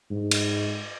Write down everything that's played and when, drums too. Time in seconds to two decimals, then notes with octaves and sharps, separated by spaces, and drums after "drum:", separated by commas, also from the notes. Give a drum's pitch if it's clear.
0.11 G#2
0.31 drum: cymbal